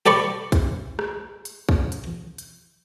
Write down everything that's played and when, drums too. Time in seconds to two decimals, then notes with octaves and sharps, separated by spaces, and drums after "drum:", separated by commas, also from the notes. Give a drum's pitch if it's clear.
0.06 G4 A4 D5 B5 C#6, drum: hi-hat
0.52 drum: kick, hi-hat
0.99 drum: rim click
1.45 drum: hi-hat
1.69 drum: kick
1.92 drum: hi-hat
2.38 drum: hi-hat